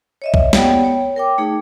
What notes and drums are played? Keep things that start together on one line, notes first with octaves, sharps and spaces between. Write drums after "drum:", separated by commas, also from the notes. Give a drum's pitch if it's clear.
C#5 D#5 E5
drum: kick C2
B3 G4 C#5 D5 F#5 G5, drum: snare
C#5
A#4 G5 D6
A3 D#4 G#4